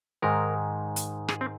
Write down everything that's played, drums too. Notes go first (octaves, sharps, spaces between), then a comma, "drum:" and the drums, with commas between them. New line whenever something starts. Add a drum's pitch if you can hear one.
G#2 D#3 G#3 A#4
drum: hi-hat
G#4, drum: rim click
C4